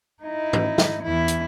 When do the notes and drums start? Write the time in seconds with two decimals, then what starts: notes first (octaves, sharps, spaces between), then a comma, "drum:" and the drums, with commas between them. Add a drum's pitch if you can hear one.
0.23 D#4 E4
0.53 drum: tom G#2
0.78 drum: snare
1.03 E2 E4
1.28 drum: hi-hat